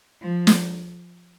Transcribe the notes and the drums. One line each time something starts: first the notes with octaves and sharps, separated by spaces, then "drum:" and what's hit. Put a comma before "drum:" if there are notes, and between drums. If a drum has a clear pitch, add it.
F3
drum: snare